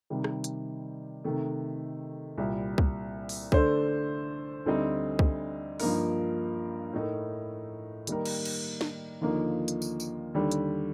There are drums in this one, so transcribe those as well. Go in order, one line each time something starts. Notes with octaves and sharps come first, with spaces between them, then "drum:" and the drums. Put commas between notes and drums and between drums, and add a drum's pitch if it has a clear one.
C3 D#3 G3
drum: rim click
drum: hi-hat
C3 D#3 A3
C2 A#2 G3
drum: kick C2
drum: open hi-hat
D3 A3 D4 A4 C5, drum: kick C2
D2 D3 G3 C4 D#4
drum: kick C2
G2 F3 A#3 D#4 A#4, drum: open hi-hat
A2 A3 D#4 A#4
D#3 G3 A#3 D#4 A#4, drum: hi-hat
drum: cymbal
drum: cymbal
drum: snare
D#2 D3 F3 A#3 D#4
drum: hi-hat
drum: tambourine
drum: tambourine
D#2 D3 G3
drum: hi-hat